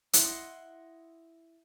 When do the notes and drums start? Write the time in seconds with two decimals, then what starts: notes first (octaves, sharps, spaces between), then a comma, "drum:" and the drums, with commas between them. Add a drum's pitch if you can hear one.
0.13 E4 D#5 F#5 C6, drum: hi-hat